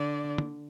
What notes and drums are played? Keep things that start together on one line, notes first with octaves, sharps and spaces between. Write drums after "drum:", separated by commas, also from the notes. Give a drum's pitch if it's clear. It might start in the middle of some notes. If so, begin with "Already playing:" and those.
Already playing: D3 D5
drum: tom